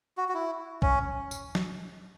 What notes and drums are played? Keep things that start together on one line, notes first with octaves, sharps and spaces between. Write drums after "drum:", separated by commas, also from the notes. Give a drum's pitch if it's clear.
F#4
F#4
E4
C#4, drum: kick A#1
drum: tambourine
drum: snare